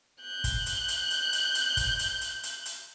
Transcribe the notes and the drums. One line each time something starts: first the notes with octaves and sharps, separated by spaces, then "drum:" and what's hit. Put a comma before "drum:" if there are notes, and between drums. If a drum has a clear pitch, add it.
F#6 G6
drum: kick, hi-hat
drum: hi-hat
drum: hi-hat
drum: hi-hat
drum: hi-hat
drum: hi-hat
drum: kick, hi-hat
drum: hi-hat
drum: hi-hat
drum: hi-hat
drum: hi-hat